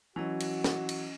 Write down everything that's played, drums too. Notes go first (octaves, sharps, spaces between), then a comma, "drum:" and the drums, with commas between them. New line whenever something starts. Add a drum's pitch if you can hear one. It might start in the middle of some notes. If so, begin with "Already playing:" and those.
E3 F#3 C#4 F#4 D#5
drum: cymbal
drum: snare
drum: cymbal